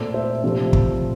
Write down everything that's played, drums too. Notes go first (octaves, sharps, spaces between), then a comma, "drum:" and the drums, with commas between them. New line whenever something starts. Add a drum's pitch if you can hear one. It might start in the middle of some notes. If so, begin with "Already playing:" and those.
Already playing: A#2 A3 C4 D5
C5 E5
C3 F3 A3 C4
drum: kick